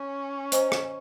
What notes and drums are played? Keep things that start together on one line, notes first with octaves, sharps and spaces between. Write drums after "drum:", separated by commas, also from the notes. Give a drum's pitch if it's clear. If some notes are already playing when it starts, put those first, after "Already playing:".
Already playing: C#4 C#5
C5 D#5 A#5 C#6, drum: hi-hat
drum: rim click